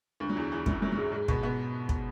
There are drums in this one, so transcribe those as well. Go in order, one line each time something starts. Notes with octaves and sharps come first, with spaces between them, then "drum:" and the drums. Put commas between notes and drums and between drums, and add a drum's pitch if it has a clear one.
D2 D3
F#3
E2 E3
E2 E3
F#2 F#3, drum: kick
F#2 F#3
F#3
G#2 G#3
G#2 G#3
B2 B3, drum: kick
B2 B3
drum: kick